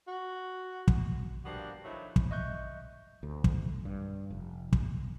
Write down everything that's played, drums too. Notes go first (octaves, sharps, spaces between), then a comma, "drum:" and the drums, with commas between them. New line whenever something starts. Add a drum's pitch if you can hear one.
F#4
drum: kick
F3 G3 A#3 B3 D4 F#4
D#3 F3 F#3 A3 D4 E4
drum: kick
D#5 E5 C#6 F#6 G6
D2
drum: kick
G2
F1
drum: kick